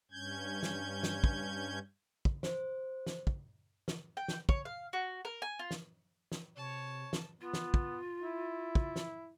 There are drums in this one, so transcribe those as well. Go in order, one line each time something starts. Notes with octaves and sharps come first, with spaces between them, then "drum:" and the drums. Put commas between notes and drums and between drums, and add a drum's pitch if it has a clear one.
G2 C#4 G6 G#6
drum: snare
drum: snare
drum: kick
drum: kick
C5, drum: snare
drum: snare
drum: kick
drum: snare
G5
drum: snare
C#5, drum: kick
F5
F#4
A#4
G#5
F4
drum: snare
drum: snare
C3 C#5 A5
drum: snare
B3 F4
drum: snare
drum: kick
E4
drum: kick
drum: snare